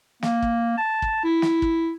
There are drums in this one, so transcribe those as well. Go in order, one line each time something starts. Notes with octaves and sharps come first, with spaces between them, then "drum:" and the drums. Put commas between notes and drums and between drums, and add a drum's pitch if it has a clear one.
A#3, drum: snare
drum: kick
A5
drum: kick
E4
drum: snare
drum: kick